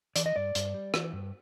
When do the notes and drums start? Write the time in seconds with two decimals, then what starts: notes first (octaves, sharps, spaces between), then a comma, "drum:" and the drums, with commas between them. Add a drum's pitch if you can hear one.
0.16 E3 D5, drum: hi-hat
0.26 D#5
0.36 G2 D5
0.55 G2, drum: hi-hat
0.74 G3
0.94 E3, drum: rim click
1.13 G2